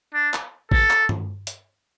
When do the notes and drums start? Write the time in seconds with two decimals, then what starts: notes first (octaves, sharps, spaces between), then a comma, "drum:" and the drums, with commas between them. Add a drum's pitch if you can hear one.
0.14 D4
0.34 drum: clap
0.72 A4, drum: kick A1
0.90 drum: clap
1.09 drum: tom G2
1.47 drum: hi-hat